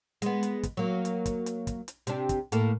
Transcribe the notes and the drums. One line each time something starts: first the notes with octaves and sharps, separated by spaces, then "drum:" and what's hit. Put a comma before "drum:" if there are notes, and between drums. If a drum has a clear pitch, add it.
G#3 B3, drum: hi-hat
drum: hi-hat
drum: kick, hi-hat
F#3 A#3
drum: hi-hat
drum: kick, hi-hat
drum: hi-hat
drum: kick, hi-hat
drum: hi-hat
C3 D4, drum: hi-hat
drum: kick, hi-hat
A2 A#3 A4, drum: hi-hat